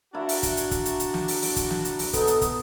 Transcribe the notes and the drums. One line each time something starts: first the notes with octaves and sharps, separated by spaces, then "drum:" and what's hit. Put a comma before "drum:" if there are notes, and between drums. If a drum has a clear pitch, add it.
D4 E4 F#4 A#4 F5
drum: open hi-hat
drum: kick, hi-hat
drum: hi-hat
drum: kick, hi-hat
drum: hi-hat
drum: hi-hat
drum: snare
drum: open hi-hat
drum: open hi-hat
drum: kick, hi-hat
drum: snare
drum: hi-hat
drum: open hi-hat
B3 D#4 A4, drum: kick, hi-hat
drum: hi-hat
drum: kick, hi-hat